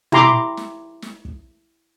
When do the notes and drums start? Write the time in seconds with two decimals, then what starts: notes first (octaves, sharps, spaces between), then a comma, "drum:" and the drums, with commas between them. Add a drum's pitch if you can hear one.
0.12 E4 G4 A#5 C6 D6, drum: tom
0.57 drum: snare
1.02 drum: snare
1.25 drum: kick